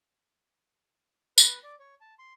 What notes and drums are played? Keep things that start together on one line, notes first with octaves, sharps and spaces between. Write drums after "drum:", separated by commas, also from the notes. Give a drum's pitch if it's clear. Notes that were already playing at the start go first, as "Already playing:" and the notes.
B4, drum: tambourine
D5
C#5
A5
C6